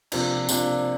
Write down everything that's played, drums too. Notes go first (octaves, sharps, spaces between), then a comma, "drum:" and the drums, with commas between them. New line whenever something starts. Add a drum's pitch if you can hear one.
C3 F3 A#3 D4, drum: cymbal
C3 F3 A#3 D4, drum: tambourine